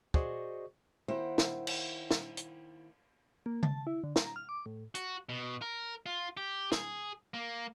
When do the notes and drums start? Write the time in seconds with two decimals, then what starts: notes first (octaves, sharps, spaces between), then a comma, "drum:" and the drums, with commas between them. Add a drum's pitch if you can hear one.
0.14 F#4 G#4 C5 D5 D#5 C#6, drum: kick
1.08 D#3 A#3 E4 C5 F#5 G5
1.38 drum: snare
1.67 drum: cymbal
2.11 drum: snare
2.37 drum: hi-hat
3.46 A#3
3.63 A5, drum: tom C#3
3.87 E4
4.04 D3
4.16 A#5, drum: snare
4.36 F6
4.49 D6
4.66 A2
4.95 F#4, drum: hi-hat
5.29 B2
5.62 A#4
6.06 F4
6.37 G4
6.72 G#4, drum: snare
7.34 A#3